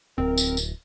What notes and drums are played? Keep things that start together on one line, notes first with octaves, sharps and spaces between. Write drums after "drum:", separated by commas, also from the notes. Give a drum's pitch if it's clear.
D1 C4 A#4
drum: tambourine
drum: tambourine